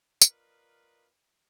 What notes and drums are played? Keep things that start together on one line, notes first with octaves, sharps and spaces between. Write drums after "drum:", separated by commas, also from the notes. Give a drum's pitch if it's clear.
F4 A#4 B4 D5 D#5, drum: tambourine